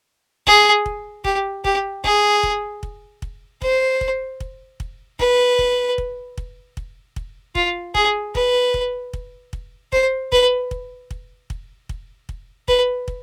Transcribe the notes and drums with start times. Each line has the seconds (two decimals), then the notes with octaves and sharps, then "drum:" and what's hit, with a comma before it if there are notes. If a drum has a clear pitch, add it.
0.47 G#4, drum: kick
0.86 drum: kick
1.24 G4, drum: kick
1.64 G4, drum: kick
2.04 G#4, drum: kick
2.43 drum: kick
2.83 drum: kick
3.22 drum: kick
3.62 C5, drum: kick
4.01 drum: kick
4.40 drum: kick
4.80 drum: kick
5.19 B4, drum: kick
5.59 drum: kick
5.98 drum: kick
6.38 drum: kick
6.77 drum: kick
7.16 drum: kick
7.55 F4, drum: kick
7.95 G#4, drum: kick
8.35 B4, drum: kick
8.74 drum: kick
9.13 drum: kick
9.53 drum: kick
9.92 C5, drum: kick
10.32 B4, drum: kick
10.71 drum: kick
11.11 drum: kick
11.50 drum: kick
11.89 drum: kick
12.29 drum: kick
12.68 B4, drum: kick
13.08 drum: kick